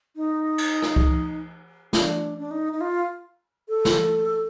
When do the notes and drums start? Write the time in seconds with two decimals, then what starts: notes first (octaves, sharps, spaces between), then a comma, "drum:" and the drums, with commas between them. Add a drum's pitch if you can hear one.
0.16 D#4
0.58 drum: cymbal
0.82 drum: rim click
0.96 drum: kick C#2
1.93 D4, drum: snare
2.39 D4
2.51 D#4
2.73 D#4
2.81 F4
3.69 A4
3.85 drum: snare